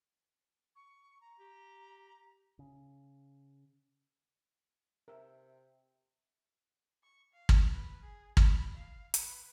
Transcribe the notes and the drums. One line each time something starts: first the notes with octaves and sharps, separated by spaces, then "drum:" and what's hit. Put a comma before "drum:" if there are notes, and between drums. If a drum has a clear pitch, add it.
C#6
A#5
G4
C#3
C3 A#4 E5
C#6
F5
drum: kick
B4
G#4
B5, drum: kick
F5
B4, drum: hi-hat